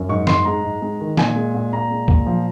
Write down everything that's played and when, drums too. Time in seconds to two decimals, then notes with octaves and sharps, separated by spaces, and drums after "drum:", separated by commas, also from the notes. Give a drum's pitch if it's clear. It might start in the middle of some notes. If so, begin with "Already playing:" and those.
Already playing: F#2
0.09 G#2 C#6
0.27 G#2 C6, drum: snare
0.45 G#3 A#5
0.64 G#2
0.82 G#3
1.00 D#3
1.17 A#2 G#5, drum: snare
1.36 G#3
1.55 A#2
1.73 A#2 A#5
1.90 G#3
2.08 A#2, drum: kick C#2
2.26 F3